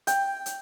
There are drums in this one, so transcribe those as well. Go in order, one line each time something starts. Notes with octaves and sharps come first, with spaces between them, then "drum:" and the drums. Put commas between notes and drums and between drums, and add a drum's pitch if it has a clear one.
G5, drum: hi-hat
drum: hi-hat